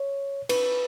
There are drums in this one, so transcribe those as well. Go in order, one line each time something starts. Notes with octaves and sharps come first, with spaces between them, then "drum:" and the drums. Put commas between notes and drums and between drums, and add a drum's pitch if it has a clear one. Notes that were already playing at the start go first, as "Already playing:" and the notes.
Already playing: C#5
B4, drum: cymbal